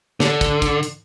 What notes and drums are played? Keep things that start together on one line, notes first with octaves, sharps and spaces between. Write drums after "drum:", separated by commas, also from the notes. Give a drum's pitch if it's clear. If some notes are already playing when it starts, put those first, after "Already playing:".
D3, drum: snare
drum: kick, hi-hat
drum: kick, hi-hat
drum: hi-hat